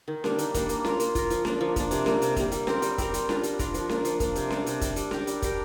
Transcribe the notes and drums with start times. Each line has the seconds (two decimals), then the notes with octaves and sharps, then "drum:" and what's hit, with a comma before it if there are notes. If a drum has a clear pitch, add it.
0.08 D#3
0.24 G3 A#3 D4, drum: snare C#4
0.38 D#3, drum: hi-hat
0.54 G3 A#3 D4, drum: kick, hi-hat
0.69 A#3, drum: hi-hat
0.85 F4 A#4, drum: snare C#4
1.00 A#3, drum: hi-hat
1.15 F4 A#4, drum: kick, hi-hat
1.30 F3, drum: hi-hat
1.45 A#3 D4, drum: snare C#4
1.61 F3
1.76 A#3 D4, drum: kick, hi-hat
1.91 C3, drum: hi-hat
2.06 G3 A#3, drum: snare C#4
2.22 C3, drum: hi-hat
2.36 G3 A#3, drum: kick, hi-hat
2.52 G3, drum: hi-hat
2.67 C4 G4 A#4, drum: snare C#4
2.82 G3, drum: hi-hat
2.98 C4 G4 A#4, drum: kick, hi-hat
3.14 G3, drum: hi-hat
3.29 D4 F4 A#4, drum: snare C#4
3.43 G3, drum: hi-hat
3.59 D4 F4 A#4, drum: kick, hi-hat
3.74 F3, drum: hi-hat
3.89 A#3 D4, drum: snare C#4
4.05 F3, drum: hi-hat
4.20 A#3 D4, drum: kick, hi-hat
4.36 C3, drum: hi-hat
4.50 G3 D4, drum: snare C#4
4.66 C3, drum: hi-hat
4.81 G3 D4, drum: kick, hi-hat
4.96 G3, drum: hi-hat
5.11 D4 G4 A#4, drum: snare C#4
5.27 G3, drum: hi-hat
5.42 D4 G4 A#4, drum: kick, hi-hat